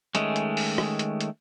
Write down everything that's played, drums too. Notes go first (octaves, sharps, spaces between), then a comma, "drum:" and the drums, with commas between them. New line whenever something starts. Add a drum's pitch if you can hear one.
D#3 G#3 A3 C#4, drum: hi-hat
drum: hi-hat
drum: open hi-hat
drum: rim click
drum: hi-hat
drum: hi-hat